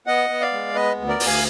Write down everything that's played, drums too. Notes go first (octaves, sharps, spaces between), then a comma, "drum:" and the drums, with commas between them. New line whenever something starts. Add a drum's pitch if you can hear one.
B3 D#5 F#5
B3
D5 F5
G#3
B3 B4 D#5
D2
A#4 D5
D2, drum: open hi-hat
F5 G#5